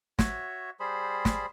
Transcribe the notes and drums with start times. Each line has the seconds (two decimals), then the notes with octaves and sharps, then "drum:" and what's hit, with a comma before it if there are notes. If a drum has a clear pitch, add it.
0.19 F#4 C#5 E5, drum: snare
0.80 G3 G#4 C5 B5
1.25 drum: snare